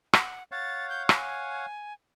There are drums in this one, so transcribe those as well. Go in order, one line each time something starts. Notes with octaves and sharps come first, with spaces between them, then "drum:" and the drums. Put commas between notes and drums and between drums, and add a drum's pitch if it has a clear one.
F#5, drum: rim click
C#5 F5 F#5 A6
G6
G#5, drum: rim click